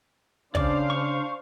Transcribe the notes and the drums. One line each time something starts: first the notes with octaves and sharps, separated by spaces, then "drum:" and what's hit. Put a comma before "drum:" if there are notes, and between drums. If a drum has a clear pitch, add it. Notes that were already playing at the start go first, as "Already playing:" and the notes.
C#3 D4 C5 D5 F5 D6, drum: kick
C#6